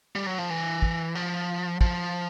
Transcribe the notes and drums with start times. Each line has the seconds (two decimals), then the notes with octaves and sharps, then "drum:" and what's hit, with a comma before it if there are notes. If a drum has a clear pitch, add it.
0.15 G3
0.26 F#3
0.38 F3
0.50 E3
0.82 drum: kick
1.15 F3
1.81 F3, drum: kick